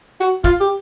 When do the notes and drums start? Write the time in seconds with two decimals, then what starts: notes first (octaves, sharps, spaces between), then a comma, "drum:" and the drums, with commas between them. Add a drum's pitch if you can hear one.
0.21 F#4, drum: hi-hat
0.44 F4, drum: kick, hi-hat
0.60 G4